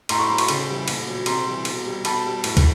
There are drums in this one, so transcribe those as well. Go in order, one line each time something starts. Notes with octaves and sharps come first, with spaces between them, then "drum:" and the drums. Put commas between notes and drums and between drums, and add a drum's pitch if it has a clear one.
A2 A#5 C6, drum: cymbal
B5 C#6
F#3 A#5 C6
B5 C#6, drum: cymbal
C#3, drum: cymbal
E3 G3
A#2, drum: cymbal
F#3
C3 A#5 C6, drum: cymbal
E3 G3
B2, drum: cymbal
G3
B2 A5 B5, drum: cymbal
G3
A2, drum: cymbal
drum: kick, cymbal